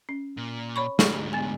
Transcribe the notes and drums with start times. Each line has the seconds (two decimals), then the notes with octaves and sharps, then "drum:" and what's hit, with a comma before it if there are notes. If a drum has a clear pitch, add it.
0.09 C#4
0.37 A#2
0.76 C#5 B5 C#6
0.99 G#2 D3 G4 G#4 C#6, drum: snare
1.33 B3 G#5